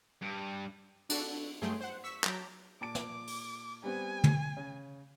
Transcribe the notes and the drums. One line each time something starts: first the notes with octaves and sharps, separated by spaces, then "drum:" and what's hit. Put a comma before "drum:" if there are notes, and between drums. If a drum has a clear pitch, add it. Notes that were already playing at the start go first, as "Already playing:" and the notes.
G2
D4 F#4 A4, drum: cymbal
G2 F#3 A3 G#4 G5 C6
C5 F#5
C#6 E6 B6
F#3 A5 A#5 D6 G6 B6, drum: clap
A#2 A5 D6 D7
drum: snare
drum: open hi-hat
G3 B3 C4 G#5
drum: tom
C#3